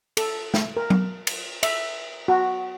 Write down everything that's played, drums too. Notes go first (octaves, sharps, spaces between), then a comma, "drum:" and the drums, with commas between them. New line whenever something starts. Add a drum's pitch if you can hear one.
A4, drum: cymbal
drum: snare
A#4
drum: tom F#3
drum: cymbal
E5, drum: cymbal
F#4